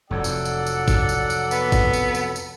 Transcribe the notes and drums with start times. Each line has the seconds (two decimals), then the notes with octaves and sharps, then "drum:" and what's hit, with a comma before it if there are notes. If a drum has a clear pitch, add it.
0.11 F1 F2 F#3 A4 D5 F#5
0.24 drum: tambourine
0.45 drum: tambourine
0.67 drum: tambourine
0.88 drum: kick G#1, tambourine
1.09 drum: tambourine
1.30 drum: tambourine
1.51 B3, drum: tambourine
1.72 drum: kick G#1, tambourine
1.93 drum: tambourine
2.15 drum: tambourine
2.36 drum: tambourine